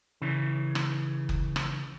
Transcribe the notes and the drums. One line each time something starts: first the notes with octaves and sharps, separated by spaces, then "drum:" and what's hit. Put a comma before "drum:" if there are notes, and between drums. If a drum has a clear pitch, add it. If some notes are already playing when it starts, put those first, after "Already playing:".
C#3 E3
drum: rim click
drum: kick F#1
drum: rim click